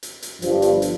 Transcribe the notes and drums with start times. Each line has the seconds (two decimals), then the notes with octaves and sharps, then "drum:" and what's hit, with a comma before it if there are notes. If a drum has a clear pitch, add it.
0.03 drum: hi-hat
0.22 drum: hi-hat
0.42 G1 G2 F3, drum: hi-hat
0.62 drum: hi-hat
0.82 drum: hi-hat